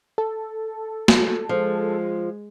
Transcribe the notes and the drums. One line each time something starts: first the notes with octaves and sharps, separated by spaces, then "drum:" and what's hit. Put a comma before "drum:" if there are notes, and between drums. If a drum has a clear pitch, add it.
A4
drum: snare
F3 G#3